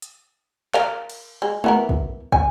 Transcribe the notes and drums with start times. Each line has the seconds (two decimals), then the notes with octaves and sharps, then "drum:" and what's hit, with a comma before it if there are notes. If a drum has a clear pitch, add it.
0.02 drum: hi-hat
0.74 A#4 F5, drum: clap
1.10 drum: cymbal
1.42 G#3
1.64 E3 B3 A#4, drum: tom G#3
1.89 drum: kick
2.32 G#5, drum: kick